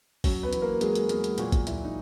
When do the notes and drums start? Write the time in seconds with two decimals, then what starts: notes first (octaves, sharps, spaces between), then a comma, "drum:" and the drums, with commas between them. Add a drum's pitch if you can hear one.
0.24 F#3 C#4 C#5, drum: kick, open hi-hat
0.43 B3 B4
0.53 E2, drum: hi-hat
0.62 A#3 A#4
0.81 F#3 G#3 G#4, drum: hi-hat
0.95 drum: hi-hat
1.09 E2 G#3 G#4, drum: hi-hat
1.24 drum: hi-hat
1.38 A#2 F#3 F#4, drum: hi-hat
1.52 drum: kick, hi-hat
1.67 A#2 E3 E4, drum: hi-hat
1.84 D#4